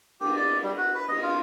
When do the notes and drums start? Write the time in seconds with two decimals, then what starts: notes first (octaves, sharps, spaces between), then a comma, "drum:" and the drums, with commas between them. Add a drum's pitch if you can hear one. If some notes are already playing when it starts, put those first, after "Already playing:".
0.20 G4, drum: cymbal
0.37 D5
0.63 G3
0.78 F#4
0.95 B4
1.08 D#5, drum: cymbal
1.23 F4